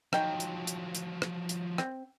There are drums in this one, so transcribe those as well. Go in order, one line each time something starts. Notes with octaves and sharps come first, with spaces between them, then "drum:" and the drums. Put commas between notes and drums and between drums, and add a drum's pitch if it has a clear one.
F3 F#3 D#4 G5, drum: rim click
drum: hi-hat
drum: hi-hat
drum: hi-hat
drum: rim click
drum: hi-hat
C4, drum: rim click